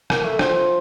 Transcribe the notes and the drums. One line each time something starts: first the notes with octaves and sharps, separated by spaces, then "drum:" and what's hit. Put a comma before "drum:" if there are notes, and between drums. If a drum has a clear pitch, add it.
A#3, drum: rim click
A3
F3, drum: rim click